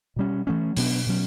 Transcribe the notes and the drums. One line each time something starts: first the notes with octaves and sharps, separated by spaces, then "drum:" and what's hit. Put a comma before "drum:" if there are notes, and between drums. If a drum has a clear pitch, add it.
B2 G3 C#4
E3 A3 C#4
B2 F#3 B3 D4, drum: open hi-hat
B2 F#3 C#4